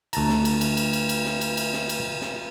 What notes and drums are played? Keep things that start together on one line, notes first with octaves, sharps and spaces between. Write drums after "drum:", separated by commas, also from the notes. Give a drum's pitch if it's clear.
D2 A5 A#5, drum: cymbal
drum: snare
drum: cymbal
drum: cymbal
drum: cymbal
drum: cymbal
drum: cymbal
drum: snare
drum: cymbal
drum: cymbal
drum: snare
drum: cymbal
drum: snare